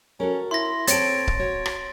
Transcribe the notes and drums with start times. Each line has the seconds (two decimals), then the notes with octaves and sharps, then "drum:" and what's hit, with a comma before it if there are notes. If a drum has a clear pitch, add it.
0.20 C#4 F#4 A4 A#4
0.51 E4 C6 A#6
0.87 C4 A4 C#5 A6 D7, drum: hi-hat
1.27 drum: kick C#1
1.39 F#4 C#5
1.66 drum: rim click